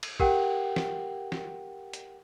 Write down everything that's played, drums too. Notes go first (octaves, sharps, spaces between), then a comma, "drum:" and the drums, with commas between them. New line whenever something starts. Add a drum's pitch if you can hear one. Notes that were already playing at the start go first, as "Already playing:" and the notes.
drum: cymbal
G4 A#4 F#5 G5, drum: kick
drum: snare
drum: snare
drum: hi-hat